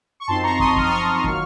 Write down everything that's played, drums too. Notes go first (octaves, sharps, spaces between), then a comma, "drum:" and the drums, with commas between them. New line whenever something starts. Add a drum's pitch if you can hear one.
C#6
F#2 F3 C4 D#4 A5 C6
A#5 C#6
C6 D#6, drum: kick
F6, drum: kick
D#6
C#6 F6
D#3 F#3 A#3 F4, drum: kick